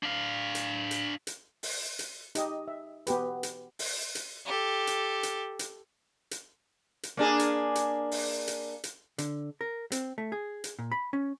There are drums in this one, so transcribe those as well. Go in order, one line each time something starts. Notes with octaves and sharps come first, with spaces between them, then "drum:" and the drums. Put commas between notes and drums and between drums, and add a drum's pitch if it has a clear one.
D4 F5
drum: hi-hat
drum: hi-hat
drum: hi-hat
drum: open hi-hat
drum: hi-hat
D#4 G4 D#5, drum: hi-hat
E5
B3 F#4 G4 B4, drum: hi-hat
drum: hi-hat
drum: open hi-hat
drum: hi-hat
G4 A4
drum: hi-hat
drum: hi-hat
drum: hi-hat
drum: hi-hat
drum: hi-hat
A#3 D4 G#4
drum: hi-hat
drum: hi-hat
drum: open hi-hat
drum: hi-hat
drum: hi-hat
D3, drum: hi-hat
A#4
C4, drum: hi-hat
A3
G#4
drum: hi-hat
A#2
B5
C#4